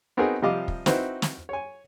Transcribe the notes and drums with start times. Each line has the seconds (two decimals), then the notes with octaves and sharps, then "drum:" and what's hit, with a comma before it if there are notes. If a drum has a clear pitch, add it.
0.17 B3 C4 D#4 F#4 G#4 A#4
0.42 C3 F3 G3 D#5 F5 D6
0.68 drum: kick
0.86 C4 D#4 E4 F#4 B4 C5, drum: snare
1.22 drum: snare
1.49 C#5 G#5